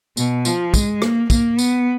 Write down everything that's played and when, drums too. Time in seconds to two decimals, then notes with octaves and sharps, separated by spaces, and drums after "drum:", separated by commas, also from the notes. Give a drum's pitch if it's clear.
0.17 B2, drum: tambourine
0.45 F3, drum: tambourine
0.74 G#3, drum: kick, tambourine
1.02 A#3, drum: rim click
1.30 A#3, drum: kick, tambourine
1.59 B3, drum: tambourine